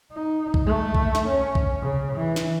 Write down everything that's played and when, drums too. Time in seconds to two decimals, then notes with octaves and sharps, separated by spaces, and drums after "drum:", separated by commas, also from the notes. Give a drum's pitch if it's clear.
0.12 D#4
0.54 drum: kick B1
0.66 A3
0.95 drum: kick B1
1.15 drum: snare
1.29 C#4
1.55 drum: kick B1
1.82 C#3
2.16 E3
2.36 drum: snare